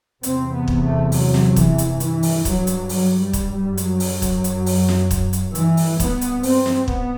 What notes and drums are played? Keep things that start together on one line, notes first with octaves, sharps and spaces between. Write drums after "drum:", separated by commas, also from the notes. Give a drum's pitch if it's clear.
E2 C3 C4, drum: hi-hat
B3
drum: kick
A3
F#3, drum: open hi-hat
drum: snare
E3, drum: kick, hi-hat
drum: hi-hat
G2 E3, drum: hi-hat
drum: open hi-hat
F#3, drum: kick, hi-hat
drum: hi-hat
F#3, drum: open hi-hat
G3
drum: kick, hi-hat
G3
F#2 F#3, drum: hi-hat
drum: open hi-hat
drum: kick, hi-hat
drum: hi-hat
drum: open hi-hat
drum: snare
drum: kick, hi-hat
drum: hi-hat
G2 E3, drum: hi-hat
drum: open hi-hat
B3, drum: kick, hi-hat
drum: hi-hat
C4, drum: open hi-hat
drum: snare
B3, drum: kick